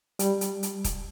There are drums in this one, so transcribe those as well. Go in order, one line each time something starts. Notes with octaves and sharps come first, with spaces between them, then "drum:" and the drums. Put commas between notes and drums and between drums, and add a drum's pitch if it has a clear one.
G3, drum: hi-hat
drum: hi-hat
drum: hi-hat
drum: kick D#1, hi-hat